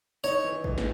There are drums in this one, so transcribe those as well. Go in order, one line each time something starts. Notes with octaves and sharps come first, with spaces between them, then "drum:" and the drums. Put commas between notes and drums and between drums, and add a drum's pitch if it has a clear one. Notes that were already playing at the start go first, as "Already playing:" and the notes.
D#4 C#5
E3
E3, drum: kick G#1
drum: snare